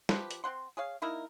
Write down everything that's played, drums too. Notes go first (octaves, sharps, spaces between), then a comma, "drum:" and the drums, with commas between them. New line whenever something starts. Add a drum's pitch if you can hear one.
F3 G4 B4, drum: snare
drum: hi-hat
C4 E4 F#5 C6
G#4 C#5 F5
A#3 D#4 E4 A#4